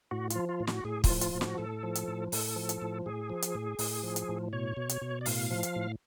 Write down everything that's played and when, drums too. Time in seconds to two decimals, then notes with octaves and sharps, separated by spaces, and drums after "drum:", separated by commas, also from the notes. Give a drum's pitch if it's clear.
0.11 A2 F#4
0.30 F4, drum: hi-hat
0.36 F3
0.49 F4
0.60 A2
0.67 F#4, drum: snare
0.85 A2 G#4
1.04 F4, drum: kick, open hi-hat
1.10 F3
1.21 F4, drum: hi-hat
1.35 A2
1.41 F#4, drum: snare
1.58 A2 A4
1.83 F3
1.95 drum: hi-hat
2.08 A2
2.32 A2 A4, drum: open hi-hat
2.56 F3
2.69 drum: hi-hat
2.82 A2
3.06 A2 G#4
3.30 F3
3.42 drum: hi-hat
3.55 A2
3.79 A2, drum: open hi-hat
4.03 F3
4.16 drum: hi-hat
4.29 A2
4.53 B2 C#5
4.77 B2
4.89 drum: hi-hat
5.02 B2
5.21 D5
5.26 A2 F5, drum: open hi-hat
5.51 F3
5.63 drum: hi-hat
5.76 A2